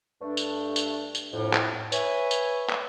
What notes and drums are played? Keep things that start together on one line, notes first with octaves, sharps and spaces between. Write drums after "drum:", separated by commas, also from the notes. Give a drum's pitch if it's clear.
G2 A3 D4
drum: tambourine
drum: tambourine
drum: tambourine
F2 A2
drum: clap
B4 C#5 E5 G#5, drum: tambourine
drum: tambourine
drum: clap